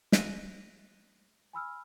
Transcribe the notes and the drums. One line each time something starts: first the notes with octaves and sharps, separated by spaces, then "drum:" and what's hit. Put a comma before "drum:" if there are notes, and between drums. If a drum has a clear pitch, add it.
F#6 A#6 D#7, drum: snare
G#5 B5 E6 F6